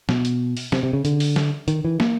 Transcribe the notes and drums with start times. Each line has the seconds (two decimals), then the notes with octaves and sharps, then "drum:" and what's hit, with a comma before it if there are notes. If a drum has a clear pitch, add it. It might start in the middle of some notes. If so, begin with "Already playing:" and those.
0.09 B2, drum: snare
0.25 drum: hi-hat
0.57 drum: open hi-hat
0.72 C3, drum: snare
0.83 C3
0.93 C#3
1.05 D3, drum: hi-hat
1.20 drum: open hi-hat
1.36 drum: snare
1.68 D#3, drum: hi-hat
1.85 E3
2.00 A#3, drum: snare